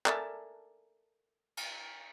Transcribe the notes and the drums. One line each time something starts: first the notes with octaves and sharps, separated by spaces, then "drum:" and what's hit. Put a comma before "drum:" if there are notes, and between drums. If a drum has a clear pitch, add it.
A4 A#4 D5 E5 G#5 A5, drum: clap
drum: cymbal